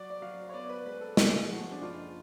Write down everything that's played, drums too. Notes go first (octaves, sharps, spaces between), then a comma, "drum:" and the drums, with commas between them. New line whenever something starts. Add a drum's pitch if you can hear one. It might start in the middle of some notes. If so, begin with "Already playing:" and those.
Already playing: F#3 D5
D5
F#3 F5
C#5
B3 D5
B4
G#3 B4
A4
B1 G#4, drum: snare
F3 F#4
D4
F#1 F4